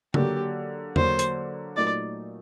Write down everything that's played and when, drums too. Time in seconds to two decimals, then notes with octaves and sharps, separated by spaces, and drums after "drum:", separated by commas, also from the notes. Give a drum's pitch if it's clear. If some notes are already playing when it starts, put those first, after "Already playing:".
0.14 D3 F#3 A#3 G4, drum: tom C#3
0.96 D3 F#3 A#3 C5, drum: tom E2
1.19 drum: hi-hat
1.77 A#2 F#3 A3 D#4 D5